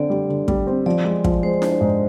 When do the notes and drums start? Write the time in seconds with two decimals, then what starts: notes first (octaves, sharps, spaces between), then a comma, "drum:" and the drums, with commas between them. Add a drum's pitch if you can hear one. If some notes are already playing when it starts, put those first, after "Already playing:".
Already playing: D3 C4 D5
0.10 G3
0.29 D3
0.48 G3, drum: kick
0.67 C4
0.86 F3 D5
1.05 G#3
1.24 F3, drum: kick
1.43 G#3 C5
1.62 D4, drum: snare E4
1.81 G#2